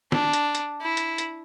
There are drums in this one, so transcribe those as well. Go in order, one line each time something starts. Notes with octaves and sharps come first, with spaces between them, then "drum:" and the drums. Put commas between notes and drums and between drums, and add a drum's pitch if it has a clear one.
D4, drum: snare
drum: hi-hat
drum: hi-hat
E4
drum: hi-hat
drum: hi-hat